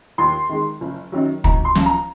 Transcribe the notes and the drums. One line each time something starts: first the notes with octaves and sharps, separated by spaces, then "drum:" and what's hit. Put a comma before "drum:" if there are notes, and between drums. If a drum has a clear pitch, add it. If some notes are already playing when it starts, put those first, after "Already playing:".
D#2 C6
D#3 G#3
F#1
F#2 D#3 F#3
G#1 A#5, drum: kick
C6
F#2 F3, drum: snare
A#5